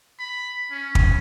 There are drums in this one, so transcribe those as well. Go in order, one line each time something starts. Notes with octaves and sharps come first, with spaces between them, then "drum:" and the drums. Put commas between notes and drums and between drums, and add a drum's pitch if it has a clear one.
B5
C#4
drum: kick